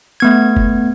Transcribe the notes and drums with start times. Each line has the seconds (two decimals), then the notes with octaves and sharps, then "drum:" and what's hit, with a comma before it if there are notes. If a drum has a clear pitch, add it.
0.20 A3 B3 G#6
0.57 drum: kick F#1